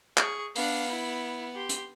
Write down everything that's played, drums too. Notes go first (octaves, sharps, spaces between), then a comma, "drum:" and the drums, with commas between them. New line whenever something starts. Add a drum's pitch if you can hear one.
G#4 C#6, drum: clap
B3 D4 F5, drum: open hi-hat
E4
G4 C6
drum: hi-hat